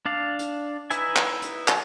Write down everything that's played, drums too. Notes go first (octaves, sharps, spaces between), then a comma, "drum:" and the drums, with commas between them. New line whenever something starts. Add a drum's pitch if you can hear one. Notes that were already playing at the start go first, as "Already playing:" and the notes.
D4 D5 F5
drum: hi-hat
D#4 E4 B4 E5 G#5, drum: hi-hat
drum: clap
drum: hi-hat
drum: clap